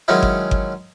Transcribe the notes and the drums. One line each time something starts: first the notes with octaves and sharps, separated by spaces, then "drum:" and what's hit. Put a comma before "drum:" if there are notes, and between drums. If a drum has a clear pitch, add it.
D#3 F#3 G#3 C#4 D#4 E4
drum: kick G1
drum: kick G1